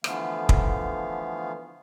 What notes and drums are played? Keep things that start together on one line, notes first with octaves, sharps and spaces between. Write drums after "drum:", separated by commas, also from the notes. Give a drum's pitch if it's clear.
D3 E3 F3 A3 B3 F5, drum: rim click
drum: kick